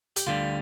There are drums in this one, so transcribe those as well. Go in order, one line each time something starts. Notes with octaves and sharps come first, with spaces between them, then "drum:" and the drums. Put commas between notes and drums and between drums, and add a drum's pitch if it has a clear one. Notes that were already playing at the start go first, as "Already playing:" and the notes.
G4, drum: hi-hat
D2 D3 G3 F4